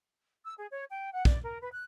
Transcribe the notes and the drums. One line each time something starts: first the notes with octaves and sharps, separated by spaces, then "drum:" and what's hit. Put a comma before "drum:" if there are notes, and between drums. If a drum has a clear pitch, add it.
E6
G#4
C#5
G5
F#5
D5, drum: kick
A#4
B4
F#6